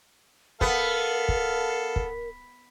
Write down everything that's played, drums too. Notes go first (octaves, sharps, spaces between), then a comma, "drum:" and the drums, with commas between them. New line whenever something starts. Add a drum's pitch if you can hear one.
B3 A4 A#4 F5, drum: kick
drum: kick
drum: kick